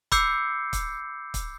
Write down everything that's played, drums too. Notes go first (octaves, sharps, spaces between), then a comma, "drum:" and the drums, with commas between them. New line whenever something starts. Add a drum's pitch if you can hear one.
B5 D6 E6 G6 C7 C#7, drum: kick, hi-hat
drum: kick, hi-hat
drum: kick, hi-hat